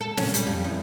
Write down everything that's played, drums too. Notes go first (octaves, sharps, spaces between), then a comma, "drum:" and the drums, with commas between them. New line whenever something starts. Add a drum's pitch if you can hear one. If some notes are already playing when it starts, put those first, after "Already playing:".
A4
C#4, drum: snare
G3, drum: hi-hat
F2
E2